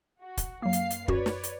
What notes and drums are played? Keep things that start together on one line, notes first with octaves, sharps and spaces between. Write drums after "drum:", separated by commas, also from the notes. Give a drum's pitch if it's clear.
F#4
drum: kick, hi-hat
F#2 F#3 A#3 F5 C7
drum: hi-hat
drum: hi-hat
F#2 F#4 B4 C#5 D5, drum: kick
drum: snare
drum: hi-hat